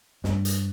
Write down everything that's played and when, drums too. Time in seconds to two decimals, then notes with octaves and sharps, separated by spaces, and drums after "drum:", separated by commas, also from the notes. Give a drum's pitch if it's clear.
0.24 G2, drum: snare
0.45 drum: hi-hat